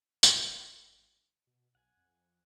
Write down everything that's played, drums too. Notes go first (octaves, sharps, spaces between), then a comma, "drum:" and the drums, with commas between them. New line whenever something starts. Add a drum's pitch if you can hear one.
G#1, drum: tambourine
B2
B1 F#5 G#5
F2